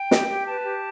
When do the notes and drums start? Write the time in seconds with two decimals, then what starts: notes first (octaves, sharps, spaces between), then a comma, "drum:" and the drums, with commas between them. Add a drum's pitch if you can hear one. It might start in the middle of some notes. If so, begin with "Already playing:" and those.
Already playing: G5
0.11 G4, drum: snare
0.28 G4
0.46 B4 A5
0.64 G4